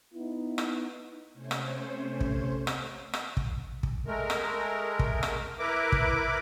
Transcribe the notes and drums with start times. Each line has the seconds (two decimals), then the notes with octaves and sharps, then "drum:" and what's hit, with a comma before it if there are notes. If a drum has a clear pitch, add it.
0.11 B3 D#4 E4
0.58 drum: rim click
1.33 C3 A3 C#4 C5 C#5
1.51 drum: rim click
2.21 drum: kick
2.67 drum: rim click
3.14 drum: rim click
3.37 drum: kick
3.83 drum: kick
4.06 G#3 A3 A#4
4.30 drum: rim click
4.99 drum: kick
5.23 drum: rim click
5.59 E4 A#4 B4 D6
5.92 drum: kick